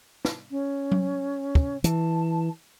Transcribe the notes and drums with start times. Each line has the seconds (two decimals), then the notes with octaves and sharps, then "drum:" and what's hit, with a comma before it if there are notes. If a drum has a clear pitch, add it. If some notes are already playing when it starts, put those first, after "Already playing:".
0.25 drum: snare
0.50 C#4
0.92 drum: tom F#3
1.55 drum: kick
1.84 E3 A5, drum: hi-hat